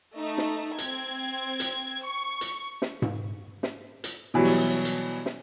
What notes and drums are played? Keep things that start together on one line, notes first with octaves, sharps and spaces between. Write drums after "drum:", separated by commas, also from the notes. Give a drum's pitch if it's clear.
A3 D#4
drum: snare
C4 G#6, drum: hi-hat
drum: hi-hat
C#6
drum: hi-hat
drum: snare
drum: tom G#2
drum: snare
drum: hi-hat
B2 E3 F#3 G3
drum: open hi-hat
drum: hi-hat
drum: snare